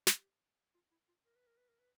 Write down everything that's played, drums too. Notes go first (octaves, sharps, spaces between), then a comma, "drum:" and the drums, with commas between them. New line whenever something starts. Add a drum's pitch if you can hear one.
G4, drum: snare
F4
E4
F4
A#4
B4
A#4
B4
A#4
B4